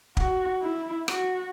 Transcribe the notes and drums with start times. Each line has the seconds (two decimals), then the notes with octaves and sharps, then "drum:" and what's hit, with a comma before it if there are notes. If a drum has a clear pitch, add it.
0.17 F#4, drum: kick
0.62 E4
1.08 F#4, drum: rim click